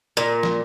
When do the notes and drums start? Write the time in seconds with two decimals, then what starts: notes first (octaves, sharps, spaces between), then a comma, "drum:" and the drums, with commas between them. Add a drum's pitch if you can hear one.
0.17 A#2
0.43 drum: snare